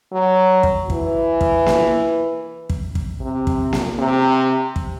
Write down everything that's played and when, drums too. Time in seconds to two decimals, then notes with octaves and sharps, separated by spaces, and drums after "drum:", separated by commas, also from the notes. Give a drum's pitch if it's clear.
0.12 F#3
0.63 drum: kick
0.90 E3, drum: kick
1.41 drum: kick
1.66 drum: snare A#3
2.70 drum: kick
2.95 drum: kick
3.21 C3
3.47 drum: kick
3.73 drum: snare A#3
3.99 C3
4.76 drum: kick